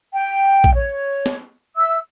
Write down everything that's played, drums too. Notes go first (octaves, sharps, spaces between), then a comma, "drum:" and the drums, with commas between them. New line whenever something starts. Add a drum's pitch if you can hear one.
G5
drum: kick
C#5
drum: snare
E5 E6